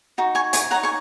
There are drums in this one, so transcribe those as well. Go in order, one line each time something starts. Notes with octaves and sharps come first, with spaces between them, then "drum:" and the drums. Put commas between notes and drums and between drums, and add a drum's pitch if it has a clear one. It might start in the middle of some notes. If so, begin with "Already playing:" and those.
D#4 F#4
G#5 C#6
G#5 C#6, drum: hi-hat
D#4 F#4 C#5 F#5 A#5
G#5 C#6